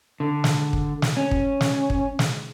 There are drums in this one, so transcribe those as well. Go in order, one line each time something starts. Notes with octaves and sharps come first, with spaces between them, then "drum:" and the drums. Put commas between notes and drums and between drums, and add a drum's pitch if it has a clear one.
D3
drum: snare
drum: kick
drum: snare
C#4
drum: kick
drum: snare
drum: kick
drum: snare